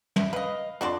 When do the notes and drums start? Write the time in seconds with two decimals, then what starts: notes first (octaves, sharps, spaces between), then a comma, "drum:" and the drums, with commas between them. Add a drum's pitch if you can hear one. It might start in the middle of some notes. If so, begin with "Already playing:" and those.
0.16 E5, drum: tom
0.33 B4 D#5 F5
0.81 F2 D4 F#4 D5 C6